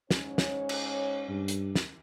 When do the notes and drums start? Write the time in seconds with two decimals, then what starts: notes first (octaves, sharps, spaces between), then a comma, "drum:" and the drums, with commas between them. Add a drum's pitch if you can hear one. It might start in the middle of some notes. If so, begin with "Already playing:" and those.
0.11 G#2 C#4 C#5, drum: snare
0.38 drum: snare
0.69 drum: cymbal
1.29 G2
1.48 drum: hi-hat
1.75 drum: snare